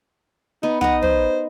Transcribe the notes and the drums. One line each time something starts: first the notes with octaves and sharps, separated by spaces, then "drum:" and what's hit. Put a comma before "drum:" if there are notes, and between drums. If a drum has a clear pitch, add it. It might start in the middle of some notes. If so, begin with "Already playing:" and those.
B3 D#4
D#4 D#5 F#5, drum: tom
C5, drum: tom